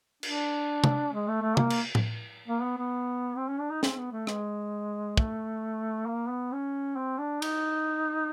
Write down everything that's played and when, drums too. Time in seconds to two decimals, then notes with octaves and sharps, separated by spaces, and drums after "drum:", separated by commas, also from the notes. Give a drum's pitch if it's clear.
0.23 D4, drum: cymbal
0.84 drum: tom
1.13 G#3
1.28 A3
1.42 A3
1.57 A#3, drum: tom
1.70 drum: cymbal
1.95 drum: tom
2.48 A#3
2.62 B3
2.78 B3
3.37 C4
3.49 C#4
3.60 D4
3.72 D#4
3.83 C4, drum: snare
3.97 B3
4.12 A3
4.27 G#3, drum: rim click
5.17 A3, drum: kick
6.07 A#3
6.29 B3
6.52 C#4
6.96 C4
7.19 D4
7.42 D#4, drum: cymbal